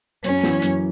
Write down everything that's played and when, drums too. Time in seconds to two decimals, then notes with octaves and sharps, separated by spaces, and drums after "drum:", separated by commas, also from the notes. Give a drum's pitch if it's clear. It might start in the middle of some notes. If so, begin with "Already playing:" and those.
0.24 F#2 C#4, drum: hi-hat
0.43 E3, drum: snare B3
0.62 F#2, drum: hi-hat